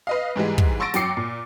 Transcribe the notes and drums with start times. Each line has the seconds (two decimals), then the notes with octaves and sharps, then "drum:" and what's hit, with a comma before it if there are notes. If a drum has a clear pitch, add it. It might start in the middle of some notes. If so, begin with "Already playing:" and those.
0.07 B4 D#5 F5
0.36 G#2 E3 G3 G#3
0.58 drum: kick
0.80 C6 C#6 E6 A6 A#6 D7
0.94 F#2 F#3 G5 D6 C7 C#7, drum: snare
1.17 A#2